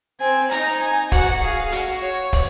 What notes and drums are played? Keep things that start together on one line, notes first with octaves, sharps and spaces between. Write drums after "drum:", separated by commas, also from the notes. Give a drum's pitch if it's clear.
C4 G#5
D#4 A#5, drum: hi-hat
G#5
F#4 F#5, drum: kick, open hi-hat
G#4 F5
F#4, drum: hi-hat
C#5
drum: kick, open hi-hat